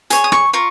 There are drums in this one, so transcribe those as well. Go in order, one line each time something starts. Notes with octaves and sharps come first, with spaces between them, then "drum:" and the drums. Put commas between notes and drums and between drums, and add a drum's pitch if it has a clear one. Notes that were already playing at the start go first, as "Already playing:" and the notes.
G#4 C#5 G#5, drum: hi-hat
D#6
C#6, drum: rim click
F4 A#4 C#6